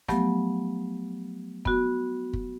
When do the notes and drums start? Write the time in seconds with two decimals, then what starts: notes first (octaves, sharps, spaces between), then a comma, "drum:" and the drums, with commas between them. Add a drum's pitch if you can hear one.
0.08 F3 F#3 A3 B3 G4, drum: snare
1.65 B3 F#4, drum: kick
2.33 drum: kick